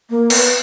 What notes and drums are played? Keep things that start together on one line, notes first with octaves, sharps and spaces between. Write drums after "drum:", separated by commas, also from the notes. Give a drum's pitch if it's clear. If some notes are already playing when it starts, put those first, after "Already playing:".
A#3
B3, drum: cymbal